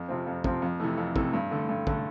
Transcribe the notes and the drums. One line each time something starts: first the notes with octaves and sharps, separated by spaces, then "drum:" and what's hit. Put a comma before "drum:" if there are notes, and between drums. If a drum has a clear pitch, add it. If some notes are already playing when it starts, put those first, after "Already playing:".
Already playing: F2
C3 F3 C4
F2
C3 F3 C4, drum: kick
F2
C3 E3 A3
F2
C3 E3 A3, drum: kick
G2
D3 A3
G2
D3 A3, drum: kick